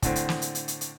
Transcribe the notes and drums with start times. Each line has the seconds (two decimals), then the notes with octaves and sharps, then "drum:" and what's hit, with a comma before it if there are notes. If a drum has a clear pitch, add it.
0.02 A2 D3 C4, drum: kick, hi-hat
0.16 drum: hi-hat
0.29 drum: snare
0.42 drum: hi-hat
0.55 drum: hi-hat
0.68 drum: hi-hat
0.81 drum: hi-hat